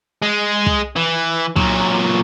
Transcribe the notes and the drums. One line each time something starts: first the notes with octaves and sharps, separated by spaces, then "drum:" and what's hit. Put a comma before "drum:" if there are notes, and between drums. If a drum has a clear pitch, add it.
G#3
drum: kick
E3
A#2 F#3, drum: kick